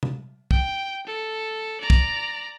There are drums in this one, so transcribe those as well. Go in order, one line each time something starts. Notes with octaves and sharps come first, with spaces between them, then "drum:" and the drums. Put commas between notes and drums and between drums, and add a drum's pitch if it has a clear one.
drum: tom C3
G5, drum: kick
A4
D5 A#5
drum: kick